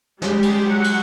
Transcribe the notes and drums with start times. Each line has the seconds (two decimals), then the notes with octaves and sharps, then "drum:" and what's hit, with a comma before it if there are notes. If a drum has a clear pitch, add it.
0.22 G3 G#3 G4, drum: snare
0.43 drum: cymbal
0.69 F#3 F#5
0.84 drum: cymbal